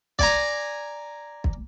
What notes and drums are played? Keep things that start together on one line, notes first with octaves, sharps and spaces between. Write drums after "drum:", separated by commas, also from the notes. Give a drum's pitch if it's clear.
D5 G#5 A#5, drum: kick
drum: kick